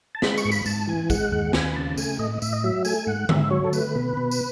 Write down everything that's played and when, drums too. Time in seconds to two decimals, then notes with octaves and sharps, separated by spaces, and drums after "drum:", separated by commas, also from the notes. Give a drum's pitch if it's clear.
0.15 A5
0.22 G#3 B5, drum: snare
0.38 C#6, drum: tambourine
0.45 G#2
0.52 B5, drum: tambourine
0.66 G#2 A5, drum: tambourine
0.88 E3 G#5
1.10 G#3 F#5, drum: kick A1, tambourine
1.32 D#2 F#5
1.53 D#2 G#5, drum: snare
1.72 B5
1.75 C#3 A5
1.98 A3 G#5, drum: tambourine
2.19 A2 D#5
2.42 A2 E5, drum: tambourine
2.53 D#5
2.64 F#3 E5
2.85 A3 G#5, drum: tambourine
3.07 G#2 F#5
3.29 G#2 E5, drum: tom D3
3.50 F#3 C#5
3.64 A4
3.73 A3 B4, drum: tambourine
3.95 B2
4.17 B2
4.31 drum: tambourine